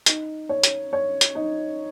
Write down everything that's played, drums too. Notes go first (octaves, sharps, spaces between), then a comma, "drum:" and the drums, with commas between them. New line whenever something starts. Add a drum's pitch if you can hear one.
D#4, drum: hi-hat
C#5
drum: hi-hat
C#5
drum: hi-hat
D#4